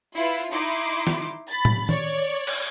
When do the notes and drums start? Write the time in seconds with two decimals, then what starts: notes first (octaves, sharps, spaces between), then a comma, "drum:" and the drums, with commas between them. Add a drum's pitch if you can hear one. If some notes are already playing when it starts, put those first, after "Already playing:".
0.17 E4 F4 B4
0.51 D#4 E4 C6 D6
1.07 drum: snare
1.50 B5 A6
1.65 drum: tom A2
1.89 C#5 D5, drum: tom D#3
2.47 drum: cymbal